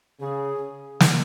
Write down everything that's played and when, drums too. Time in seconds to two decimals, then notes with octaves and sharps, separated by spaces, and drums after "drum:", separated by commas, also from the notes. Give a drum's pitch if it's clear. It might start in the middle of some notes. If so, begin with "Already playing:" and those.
0.20 C#3 G#4
1.00 drum: snare